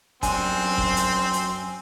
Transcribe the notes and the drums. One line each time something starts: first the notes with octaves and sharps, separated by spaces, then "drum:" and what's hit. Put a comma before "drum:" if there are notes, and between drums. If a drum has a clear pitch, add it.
F#2 C4 D4 G#5, drum: kick F#1, hi-hat
drum: kick F#1
drum: hi-hat
drum: hi-hat